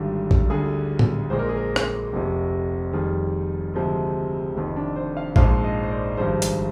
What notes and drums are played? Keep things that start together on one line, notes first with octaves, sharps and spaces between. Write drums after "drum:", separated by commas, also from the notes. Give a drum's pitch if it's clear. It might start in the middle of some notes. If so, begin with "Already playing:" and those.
Already playing: G#1 G2 D3 G3
drum: kick A1
D2 D3 G3 G#4
drum: tom A2
A#1 A#2 G#3 C5
A#4
G#4
A#4
drum: rim click
F1 F2 C3
F1 F2 D#3 G3 G#4
D2 C3 F3 G#3
F1 F2 D#3
D4
C5
F5
A#1 G#2 F3 G#3 F5, drum: kick A1
D#5
C5
D5
G#1 G2 F3 G#3 C5
drum: hi-hat